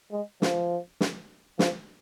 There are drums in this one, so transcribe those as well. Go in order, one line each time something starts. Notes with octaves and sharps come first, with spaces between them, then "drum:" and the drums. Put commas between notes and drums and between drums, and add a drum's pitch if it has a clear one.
G#3
F3, drum: snare
drum: snare
F3, drum: snare